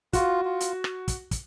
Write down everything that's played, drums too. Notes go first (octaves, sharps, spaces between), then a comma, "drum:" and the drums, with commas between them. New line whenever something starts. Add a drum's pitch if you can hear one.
F4 F#4, drum: kick, hi-hat
F4
drum: hi-hat
drum: rim click
drum: kick, hi-hat
drum: kick, hi-hat